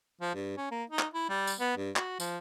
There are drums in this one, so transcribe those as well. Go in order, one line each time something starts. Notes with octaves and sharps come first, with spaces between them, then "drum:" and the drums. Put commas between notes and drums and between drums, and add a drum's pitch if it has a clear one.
F3
G2
C#4
A#3
D#4
drum: clap
E4
G3
drum: tambourine
B3
G2
F#4, drum: clap
F3, drum: tambourine